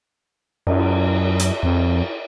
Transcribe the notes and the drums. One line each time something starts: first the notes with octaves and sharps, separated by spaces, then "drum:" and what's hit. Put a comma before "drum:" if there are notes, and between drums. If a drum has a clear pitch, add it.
F#2, drum: cymbal
drum: hi-hat
F2